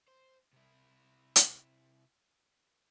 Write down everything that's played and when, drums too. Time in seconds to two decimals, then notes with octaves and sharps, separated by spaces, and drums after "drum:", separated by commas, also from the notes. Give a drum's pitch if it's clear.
0.08 C5
0.53 C3 E4
1.36 drum: hi-hat